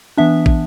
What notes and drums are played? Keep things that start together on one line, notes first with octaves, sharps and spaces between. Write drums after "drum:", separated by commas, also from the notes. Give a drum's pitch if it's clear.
E3 B3 D4 E5
drum: kick